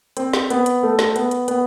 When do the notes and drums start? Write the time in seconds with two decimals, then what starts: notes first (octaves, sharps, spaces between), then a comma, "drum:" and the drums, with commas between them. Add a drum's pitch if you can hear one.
0.17 C4, drum: hi-hat
0.33 drum: snare
0.50 B3, drum: hi-hat
0.66 drum: hi-hat
0.83 A3
0.99 drum: snare
1.16 B3, drum: hi-hat
1.31 drum: hi-hat
1.48 B3, drum: hi-hat